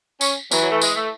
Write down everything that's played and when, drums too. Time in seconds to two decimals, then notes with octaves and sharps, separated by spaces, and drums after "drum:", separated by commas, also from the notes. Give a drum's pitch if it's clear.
0.21 C#4, drum: tambourine
0.52 E3 F#3, drum: tambourine
0.62 F#3
0.71 A3
0.81 G#3, drum: tambourine
0.96 A3